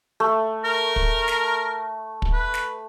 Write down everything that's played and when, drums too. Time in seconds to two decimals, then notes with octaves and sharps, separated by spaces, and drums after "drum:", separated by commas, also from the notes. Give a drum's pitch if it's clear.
0.20 A3
0.65 A#4
0.96 drum: kick
1.28 drum: snare
2.22 drum: kick
2.33 B4
2.54 drum: snare